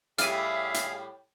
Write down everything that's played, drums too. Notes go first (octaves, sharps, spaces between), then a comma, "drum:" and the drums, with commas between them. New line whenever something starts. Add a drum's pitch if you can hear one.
A2 G3 G#4 D5 E5 F5 F6 D#7, drum: hi-hat
drum: hi-hat